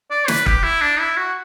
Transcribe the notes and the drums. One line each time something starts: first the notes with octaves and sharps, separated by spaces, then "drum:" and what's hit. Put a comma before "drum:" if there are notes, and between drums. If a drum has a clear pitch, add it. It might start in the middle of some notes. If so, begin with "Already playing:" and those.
D5
B4, drum: snare
G4, drum: kick E1
E4
D4
E4
F#4